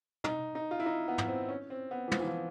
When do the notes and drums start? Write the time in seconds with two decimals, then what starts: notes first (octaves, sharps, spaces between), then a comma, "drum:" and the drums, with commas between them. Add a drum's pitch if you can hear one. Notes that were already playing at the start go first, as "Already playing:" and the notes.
0.24 D#4, drum: tom
0.55 D#4
0.71 F4
0.80 E4
0.86 D#4
1.08 B3
1.18 drum: tom
1.28 C4
1.49 C#4
1.70 C4
1.91 B3
2.08 E3
2.11 F3, drum: tom
2.20 E3
2.27 F3